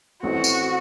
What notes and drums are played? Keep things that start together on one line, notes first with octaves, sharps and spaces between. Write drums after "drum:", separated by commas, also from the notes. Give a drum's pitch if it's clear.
A1 A2 E3 A3 C4 F#4
drum: tambourine